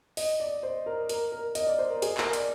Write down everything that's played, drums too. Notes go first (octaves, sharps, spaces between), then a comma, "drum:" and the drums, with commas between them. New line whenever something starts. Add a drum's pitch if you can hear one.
D#5, drum: open hi-hat
D5
C5
A#4
A#4, drum: hi-hat
A#4
D#5, drum: hi-hat
D5
C5
A#4
G#4, drum: hi-hat
A#4, drum: clap
D5, drum: hi-hat